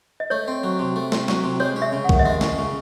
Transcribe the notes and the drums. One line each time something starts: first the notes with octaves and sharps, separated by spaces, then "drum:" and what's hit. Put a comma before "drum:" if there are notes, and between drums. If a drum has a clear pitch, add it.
D#5
A3 C#5
C4
F#3
C3
A3
C4, drum: snare
F#3, drum: snare
C3
G#3 C#5
C#4
E5
C#3
F#5
D#2, drum: kick
D#5
G#3 E5
C#4, drum: snare
C#3